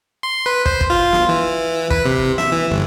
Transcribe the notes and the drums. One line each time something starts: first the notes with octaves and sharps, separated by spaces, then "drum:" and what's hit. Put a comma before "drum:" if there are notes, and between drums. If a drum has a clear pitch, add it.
C6
B4
C5, drum: kick
drum: kick
F4
drum: snare
E3
B4, drum: kick
C3
E5, drum: snare
E3
G1